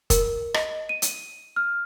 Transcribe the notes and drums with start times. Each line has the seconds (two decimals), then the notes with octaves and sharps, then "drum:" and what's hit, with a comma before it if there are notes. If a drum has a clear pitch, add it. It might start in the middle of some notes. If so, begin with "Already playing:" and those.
0.10 A#4, drum: kick, hi-hat
0.54 D#5, drum: rim click
0.89 D#7
1.02 drum: hi-hat
1.56 F6